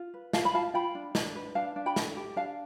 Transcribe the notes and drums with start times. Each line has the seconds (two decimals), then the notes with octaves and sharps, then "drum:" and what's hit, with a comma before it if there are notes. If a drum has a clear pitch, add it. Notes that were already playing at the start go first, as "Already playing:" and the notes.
Already playing: F4
0.14 B4
0.33 F4 F5 A5, drum: snare
0.45 B5
0.54 F4 F5 A5
0.74 F4 G5 B5
0.95 D4
1.15 D4, drum: snare
1.36 B4
1.55 D4 F5 A5
1.76 D4
1.86 G5 B5
1.96 A4, drum: snare
2.17 G4
2.36 D4 F5 A5